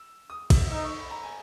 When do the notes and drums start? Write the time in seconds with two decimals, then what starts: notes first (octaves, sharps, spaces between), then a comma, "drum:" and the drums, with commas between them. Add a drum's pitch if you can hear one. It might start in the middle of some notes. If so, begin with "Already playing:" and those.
Already playing: E6
0.30 D#6
0.50 E6, drum: kick, cymbal
0.72 D#4 E6
0.84 C#6
0.99 B5
1.10 A#5
1.23 G#5